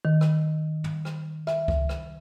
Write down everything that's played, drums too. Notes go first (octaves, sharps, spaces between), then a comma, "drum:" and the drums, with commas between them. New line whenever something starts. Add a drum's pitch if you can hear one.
D#3
drum: rim click
drum: tom
drum: rim click
E5, drum: rim click
drum: kick C#2
drum: rim click